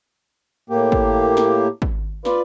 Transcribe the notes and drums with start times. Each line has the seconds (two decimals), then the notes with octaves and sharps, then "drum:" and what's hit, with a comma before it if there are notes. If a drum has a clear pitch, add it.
0.70 A2 A#3 G4
0.92 drum: kick
1.37 drum: snare
1.82 drum: kick
2.25 F4 B4 D5, drum: snare